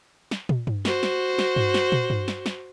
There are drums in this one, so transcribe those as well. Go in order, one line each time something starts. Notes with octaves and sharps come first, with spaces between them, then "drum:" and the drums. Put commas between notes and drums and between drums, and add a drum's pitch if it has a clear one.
drum: snare
drum: tom
drum: tom G2
F#4 C5, drum: snare
drum: snare
drum: snare
drum: tom G2
drum: snare
drum: tom
drum: tom G2
drum: snare
drum: snare